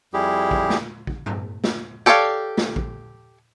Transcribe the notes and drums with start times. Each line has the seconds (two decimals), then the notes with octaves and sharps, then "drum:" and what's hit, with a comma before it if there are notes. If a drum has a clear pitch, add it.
0.14 F2 G3 E4 G4 G#4
0.51 drum: kick
0.70 drum: snare
1.07 drum: kick
1.26 drum: tom G2
1.64 drum: snare
2.06 G4 A4 C#5 D5 F5
2.57 drum: snare
2.76 drum: kick